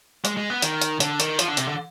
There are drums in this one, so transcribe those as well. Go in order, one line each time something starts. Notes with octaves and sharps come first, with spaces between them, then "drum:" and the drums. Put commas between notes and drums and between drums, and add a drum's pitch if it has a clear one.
G#3, drum: hi-hat
G#3
B3
D#3, drum: hi-hat
drum: hi-hat
D3, drum: hi-hat
D#3, drum: hi-hat
F3, drum: hi-hat
D3
C3, drum: hi-hat
D3